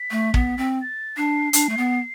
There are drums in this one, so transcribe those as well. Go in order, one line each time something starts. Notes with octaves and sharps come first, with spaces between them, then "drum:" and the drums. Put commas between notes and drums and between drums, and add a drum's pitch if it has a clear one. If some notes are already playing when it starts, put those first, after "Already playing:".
Already playing: B6
A3
B3, drum: kick
C4
A6
D4 C7
D4, drum: hi-hat
A3
B3